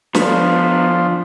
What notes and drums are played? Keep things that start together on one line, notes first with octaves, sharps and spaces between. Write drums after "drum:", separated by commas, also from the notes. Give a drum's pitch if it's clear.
F3 B3 D4, drum: snare